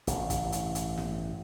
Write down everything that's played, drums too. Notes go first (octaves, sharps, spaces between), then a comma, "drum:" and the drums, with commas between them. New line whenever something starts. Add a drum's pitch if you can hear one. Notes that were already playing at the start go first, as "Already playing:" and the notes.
A1 G2 C#3, drum: hi-hat
drum: kick, hi-hat
drum: hi-hat
drum: hi-hat
drum: snare